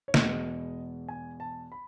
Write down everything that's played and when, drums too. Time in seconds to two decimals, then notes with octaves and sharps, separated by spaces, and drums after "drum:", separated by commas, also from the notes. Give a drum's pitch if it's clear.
0.08 C#5
0.14 E2 B2 G#3 B3 D#5, drum: snare
1.09 G#5
1.40 A5
1.72 B5